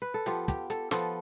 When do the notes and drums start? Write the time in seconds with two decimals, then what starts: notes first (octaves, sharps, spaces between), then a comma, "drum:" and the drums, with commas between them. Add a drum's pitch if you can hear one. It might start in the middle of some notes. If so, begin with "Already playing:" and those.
0.02 B4
0.14 A4
0.26 F3 B3 F4 G4, drum: hi-hat
0.48 G4, drum: kick, hi-hat
0.70 A4, drum: hi-hat
0.91 F3 B3 F4 A4, drum: snare